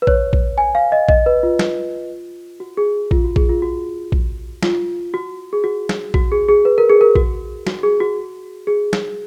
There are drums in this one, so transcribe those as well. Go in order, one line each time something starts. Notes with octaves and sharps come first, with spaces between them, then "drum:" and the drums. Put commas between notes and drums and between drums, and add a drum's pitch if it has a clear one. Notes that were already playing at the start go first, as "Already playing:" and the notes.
B4
C#5, drum: kick A#1
drum: kick A#1
G#5
F5
D#5
D#5, drum: kick A#1
B4
F4
drum: snare
F#4
G#4
F4, drum: kick A#1
F#4
G#4, drum: kick A#1
F4
F#4
drum: kick A#1
F4, drum: snare
F#4
G#4
F#4
drum: snare
F#4, drum: kick A#1
G#4
G#4
B4
A#4
G#4
A#4
F#4, drum: kick A#1
F#4, drum: snare
G#4
F#4
G#4
drum: snare